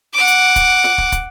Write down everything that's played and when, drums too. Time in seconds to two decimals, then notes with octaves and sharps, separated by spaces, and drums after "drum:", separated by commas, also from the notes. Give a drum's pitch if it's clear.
0.14 F#5 D6
0.28 drum: hi-hat
0.56 drum: kick, hi-hat
0.84 drum: snare
0.98 drum: kick
1.12 drum: kick, hi-hat